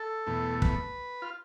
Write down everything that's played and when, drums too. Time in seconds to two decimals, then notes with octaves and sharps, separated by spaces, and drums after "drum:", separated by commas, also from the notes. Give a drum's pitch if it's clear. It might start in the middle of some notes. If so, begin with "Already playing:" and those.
Already playing: A4
0.27 E2 B2 A3
0.62 B4, drum: kick
1.22 F4